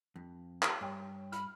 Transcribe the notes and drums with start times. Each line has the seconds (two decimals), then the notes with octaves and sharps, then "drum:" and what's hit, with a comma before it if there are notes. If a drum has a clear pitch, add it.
0.16 F2
0.62 G4, drum: clap
0.81 G2 C#5 G5
1.32 B5 F6, drum: hi-hat